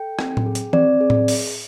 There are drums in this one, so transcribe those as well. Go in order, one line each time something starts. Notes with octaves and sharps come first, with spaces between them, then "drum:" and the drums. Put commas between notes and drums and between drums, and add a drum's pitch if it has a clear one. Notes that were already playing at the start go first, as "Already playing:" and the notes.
Already playing: A4 G5
C4, drum: rim click
drum: tom A2
G#4
drum: hi-hat
C4 D5, drum: tom E3
G#4
drum: tom A2
drum: open hi-hat